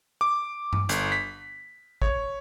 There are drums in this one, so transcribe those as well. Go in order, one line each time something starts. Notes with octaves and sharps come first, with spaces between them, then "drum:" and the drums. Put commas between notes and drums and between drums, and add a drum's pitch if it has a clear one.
D6
drum: tom G2
G1, drum: hi-hat
B6
C#5, drum: kick